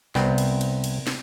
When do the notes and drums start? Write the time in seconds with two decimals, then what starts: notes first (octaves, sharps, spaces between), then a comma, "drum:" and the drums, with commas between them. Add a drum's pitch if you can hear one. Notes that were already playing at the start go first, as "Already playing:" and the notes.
0.15 C2 B3 C4 G5, drum: snare
0.38 drum: cymbal
0.61 drum: cymbal
0.84 drum: cymbal
1.07 drum: snare